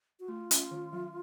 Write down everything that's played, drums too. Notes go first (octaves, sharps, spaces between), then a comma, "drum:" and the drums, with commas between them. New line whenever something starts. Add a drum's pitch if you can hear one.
F#4
A3 F4
C#4, drum: hi-hat
D#3
F#3